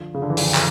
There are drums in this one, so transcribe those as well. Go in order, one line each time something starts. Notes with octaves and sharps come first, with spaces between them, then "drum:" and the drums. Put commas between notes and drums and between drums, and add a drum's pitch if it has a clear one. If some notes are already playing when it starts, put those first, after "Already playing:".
Already playing: D3 F3
C#3
D3
E3
D3 F3, drum: open hi-hat
drum: clap